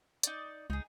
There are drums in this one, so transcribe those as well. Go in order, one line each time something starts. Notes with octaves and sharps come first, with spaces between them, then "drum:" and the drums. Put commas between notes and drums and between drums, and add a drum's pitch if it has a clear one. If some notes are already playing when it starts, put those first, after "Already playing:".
D#4 D5, drum: hi-hat
C#2 D#4 G#4